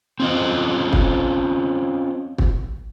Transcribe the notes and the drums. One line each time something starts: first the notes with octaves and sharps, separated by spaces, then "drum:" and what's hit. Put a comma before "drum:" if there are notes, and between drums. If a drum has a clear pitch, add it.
C4 C#4 F4 C5 D#5
drum: kick
drum: kick